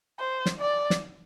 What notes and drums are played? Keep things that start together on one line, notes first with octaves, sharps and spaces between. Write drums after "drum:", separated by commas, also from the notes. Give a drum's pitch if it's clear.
C5
drum: snare
D5
drum: snare